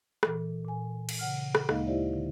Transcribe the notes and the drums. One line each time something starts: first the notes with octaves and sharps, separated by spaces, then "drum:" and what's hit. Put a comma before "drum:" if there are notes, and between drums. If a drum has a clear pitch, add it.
A#2 E3 A4, drum: rim click
A#2 G#5
drum: cymbal
C#3 F#5 F6
drum: rim click
D2 G#3 A#3 D#4 D#5 F5, drum: rim click
E4 G4 C5 D5 E5
D3